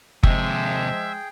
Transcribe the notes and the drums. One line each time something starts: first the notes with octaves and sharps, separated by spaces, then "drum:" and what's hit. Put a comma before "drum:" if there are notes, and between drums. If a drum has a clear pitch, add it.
D#2 C3 F3 G#3 G#4 E5 G5, drum: kick F#1